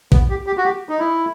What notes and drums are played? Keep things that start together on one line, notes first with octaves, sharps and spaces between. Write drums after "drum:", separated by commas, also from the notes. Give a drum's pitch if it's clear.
B3, drum: kick A#1
G4
G4
F#4
G4
D#4
E4